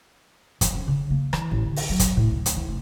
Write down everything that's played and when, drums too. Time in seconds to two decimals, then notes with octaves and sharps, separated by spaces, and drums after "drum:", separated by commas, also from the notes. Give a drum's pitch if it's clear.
0.61 F3, drum: kick, hi-hat
0.75 C#4
0.87 C#3
1.10 A#3
1.33 E3, drum: rim click
1.51 A1
1.65 D3
1.76 drum: open hi-hat
1.90 F#3
1.99 drum: kick, hi-hat
2.17 A2
2.31 D2
2.46 drum: hi-hat
2.56 E3
2.68 F1